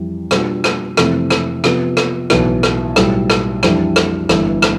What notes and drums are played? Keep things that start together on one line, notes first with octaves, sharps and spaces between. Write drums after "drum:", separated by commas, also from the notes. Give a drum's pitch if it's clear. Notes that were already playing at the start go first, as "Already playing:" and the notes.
Already playing: F2 E3 G3
B2 G3 D4 F4, drum: rim click
drum: rim click
F2 C3 E3 A3 C4, drum: rim click
drum: rim click
C3 F3 B3, drum: rim click
drum: rim click
B1 A2 E3 B3 E4, drum: rim click
drum: rim click
B1 A2 G3, drum: rim click
drum: rim click
F2 E3 G3 D4, drum: rim click
drum: rim click
G1 G2 E3, drum: rim click
drum: rim click